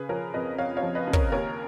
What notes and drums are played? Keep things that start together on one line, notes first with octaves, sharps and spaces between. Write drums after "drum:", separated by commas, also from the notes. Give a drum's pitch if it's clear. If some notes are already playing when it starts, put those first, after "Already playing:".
Already playing: C#3 G#4 B4
F3 A#4 C#5
F2 B4 D#5
F2 C#5 F5
C#5 F5
F3
B4 D#5
C#3
A#4 C#5, drum: kick
D#2 A#4 C#5